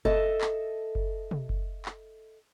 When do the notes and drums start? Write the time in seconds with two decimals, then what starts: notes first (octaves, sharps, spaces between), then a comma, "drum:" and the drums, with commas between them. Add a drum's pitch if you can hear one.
0.05 A4 D#5 E5, drum: kick F#1
0.41 drum: clap
0.95 drum: kick F#1
1.31 drum: tom
1.49 drum: kick F#1
1.85 drum: clap